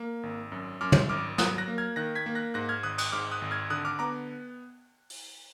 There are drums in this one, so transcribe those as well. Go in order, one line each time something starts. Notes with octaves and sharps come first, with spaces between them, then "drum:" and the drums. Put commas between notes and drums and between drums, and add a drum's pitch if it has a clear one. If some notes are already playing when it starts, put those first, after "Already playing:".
Already playing: A#3
G#1
F#2
F#2 D6 F6
drum: tom
G#1 D6 F6
F#3 D#6 F#6, drum: snare
F#6 A#6
A#3
F6 G#6
D#3 F#6 A#6
G#6 B6
A#3
F#6 A#6
G#2 F#6 A#6
F6 G#6
G#1 D#6 F#6
D#6 F#6, drum: cymbal
G#2 D6 F6
D#6 F#6
G#1
F6 G#6
D3 D#6 F#6
D6 F6
B3 A#5 D6
drum: open hi-hat